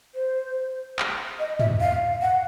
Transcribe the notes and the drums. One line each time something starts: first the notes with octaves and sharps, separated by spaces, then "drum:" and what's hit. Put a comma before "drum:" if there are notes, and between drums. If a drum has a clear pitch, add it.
C5
drum: clap
D#5
E5, drum: tom
F5
F#5